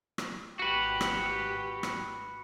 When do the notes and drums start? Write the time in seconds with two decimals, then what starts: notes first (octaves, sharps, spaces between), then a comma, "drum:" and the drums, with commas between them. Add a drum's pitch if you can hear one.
0.18 drum: rim click
0.59 G#1 F#4 G4 B4
1.01 drum: rim click
1.83 drum: rim click